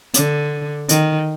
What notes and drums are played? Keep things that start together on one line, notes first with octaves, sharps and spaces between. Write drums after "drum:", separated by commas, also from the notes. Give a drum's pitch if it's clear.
D3, drum: hi-hat
D#3, drum: hi-hat